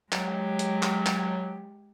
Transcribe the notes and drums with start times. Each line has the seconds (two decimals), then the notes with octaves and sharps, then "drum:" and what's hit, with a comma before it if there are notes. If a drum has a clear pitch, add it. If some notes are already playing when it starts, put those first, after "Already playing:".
0.12 F#3 G#3 G4, drum: clap
0.59 drum: hi-hat
0.83 drum: clap
1.06 drum: clap